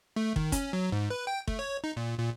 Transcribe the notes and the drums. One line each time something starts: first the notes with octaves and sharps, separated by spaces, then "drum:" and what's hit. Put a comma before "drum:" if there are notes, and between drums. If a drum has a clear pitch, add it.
A3
D#3, drum: kick
C#4, drum: kick, hi-hat
F#3
G#2
B4
G5
A3, drum: kick
C#5
D#4
A#2
A#2